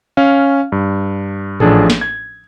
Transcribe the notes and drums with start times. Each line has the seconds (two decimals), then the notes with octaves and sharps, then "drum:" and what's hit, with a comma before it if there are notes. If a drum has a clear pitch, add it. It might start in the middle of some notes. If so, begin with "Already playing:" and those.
0.17 C#4 F5
0.72 G2
1.60 A1 F3 D4 G#4 A4, drum: tom A2
1.90 drum: snare
2.01 G#6